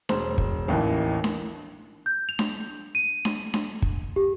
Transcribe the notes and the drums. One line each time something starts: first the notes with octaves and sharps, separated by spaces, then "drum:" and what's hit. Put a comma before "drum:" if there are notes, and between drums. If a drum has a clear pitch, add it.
E1 C5, drum: snare D4
drum: kick
A1 D#2 D#3 E3
drum: snare D4
G6
F7
drum: snare D4
D#7
drum: snare D4
drum: snare D4
drum: kick
G4